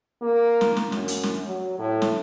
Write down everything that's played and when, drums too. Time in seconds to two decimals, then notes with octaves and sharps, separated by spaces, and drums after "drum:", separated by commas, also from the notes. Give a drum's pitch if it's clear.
0.22 A#3
0.61 drum: snare
0.77 drum: snare
0.92 F#2, drum: snare
1.08 drum: hi-hat
1.23 drum: snare
1.47 F#3
1.78 A2
2.02 drum: snare